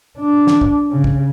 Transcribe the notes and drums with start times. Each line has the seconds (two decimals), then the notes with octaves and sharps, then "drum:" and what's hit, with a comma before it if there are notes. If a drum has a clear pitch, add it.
0.19 D4
0.47 drum: snare
0.61 drum: kick
0.91 C#3
1.04 drum: kick